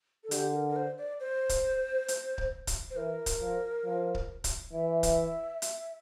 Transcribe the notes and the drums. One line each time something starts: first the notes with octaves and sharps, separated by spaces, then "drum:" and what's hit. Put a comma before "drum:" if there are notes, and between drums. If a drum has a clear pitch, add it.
A4
D3 G4, drum: hi-hat
A#4
A#4
C5
D5
C5
drum: kick C#1, hi-hat
drum: hi-hat
drum: kick C#1
drum: kick C#1, hi-hat
C5
E3 A#4
drum: kick C#1, hi-hat
F3
F3
drum: kick C#1
drum: kick C#1, hi-hat
E3 E5
drum: kick C#1, hi-hat
drum: hi-hat